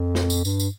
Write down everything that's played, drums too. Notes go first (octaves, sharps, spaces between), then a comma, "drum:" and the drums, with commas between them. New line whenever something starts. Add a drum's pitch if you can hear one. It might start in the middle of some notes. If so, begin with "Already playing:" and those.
Already playing: F2
drum: snare
drum: tambourine
G2, drum: tambourine
drum: tambourine